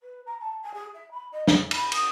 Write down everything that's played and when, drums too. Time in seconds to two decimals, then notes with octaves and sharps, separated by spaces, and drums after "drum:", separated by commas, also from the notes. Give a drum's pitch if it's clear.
0.01 B4
0.26 A#5
0.40 A5
0.62 G#5
0.74 G#4
0.94 E5
1.11 B5
1.32 D#5
1.47 G#4, drum: snare
1.71 B5, drum: cymbal
1.92 D#6, drum: cymbal